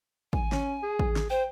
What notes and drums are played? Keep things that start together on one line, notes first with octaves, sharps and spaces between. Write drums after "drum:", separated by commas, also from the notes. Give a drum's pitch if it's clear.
G#5, drum: kick
C#4, drum: snare
G#4
drum: kick
drum: snare
C5 G5